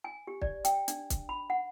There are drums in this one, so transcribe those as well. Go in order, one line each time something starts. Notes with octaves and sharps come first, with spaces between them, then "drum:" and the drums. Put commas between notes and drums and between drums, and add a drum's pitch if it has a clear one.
G#5
G4
D5, drum: kick
G5, drum: hi-hat
D4, drum: hi-hat
drum: kick, hi-hat
B5
F#5